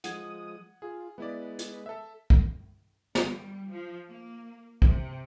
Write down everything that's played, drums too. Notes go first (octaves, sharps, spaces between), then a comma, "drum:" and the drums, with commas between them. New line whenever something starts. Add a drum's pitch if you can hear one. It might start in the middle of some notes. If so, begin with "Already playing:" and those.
F3 G#3 F#5 D#6 G#6, drum: hi-hat
F4 G#4
G#3 B3 E4 B4 D5
drum: hi-hat
A4 E5
drum: kick
G3, drum: snare
F3
A#3
C3, drum: kick